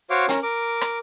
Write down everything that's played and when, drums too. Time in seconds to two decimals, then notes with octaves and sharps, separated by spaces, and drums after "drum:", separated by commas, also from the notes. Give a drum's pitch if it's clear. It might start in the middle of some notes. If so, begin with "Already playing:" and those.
0.10 F#4 C5 C#5 F5 D6
0.28 C#4 A#4, drum: hi-hat
0.43 A#4 D6
0.81 drum: rim click